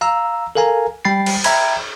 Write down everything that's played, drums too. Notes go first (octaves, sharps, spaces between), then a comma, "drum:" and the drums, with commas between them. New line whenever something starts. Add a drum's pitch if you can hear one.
F5 A#5 E6
A4 A#4 F5 G#5 A#5
G3 G5 B5 A6 C7
drum: cymbal
E5 G5 A#5 B5 G#6, drum: cymbal